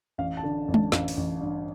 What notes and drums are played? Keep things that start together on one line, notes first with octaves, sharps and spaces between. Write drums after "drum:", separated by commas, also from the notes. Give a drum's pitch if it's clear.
A1 F5
A5
D3
A1
A5, drum: tom G#3
A1 F5, drum: snare
drum: open hi-hat
A1
G2